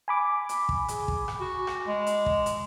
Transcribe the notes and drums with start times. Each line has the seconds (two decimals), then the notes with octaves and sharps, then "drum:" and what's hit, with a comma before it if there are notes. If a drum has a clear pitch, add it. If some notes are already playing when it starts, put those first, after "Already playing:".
0.08 G#5 B5 D6
0.49 drum: hi-hat
0.69 drum: kick
0.88 G#4, drum: hi-hat
1.08 drum: kick
1.28 drum: rim click
1.40 F#4
1.67 drum: rim click
1.87 G#3
2.07 drum: hi-hat
2.26 drum: kick
2.46 drum: hi-hat